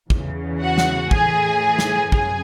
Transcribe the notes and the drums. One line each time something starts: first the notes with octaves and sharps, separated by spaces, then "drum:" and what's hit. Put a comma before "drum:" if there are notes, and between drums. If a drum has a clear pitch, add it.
E2 C#3 E3, drum: kick
F#4 F#5
drum: snare
A2 E3 G#4 G#5, drum: kick
drum: snare
F#2 C#3 G#4 G#5, drum: kick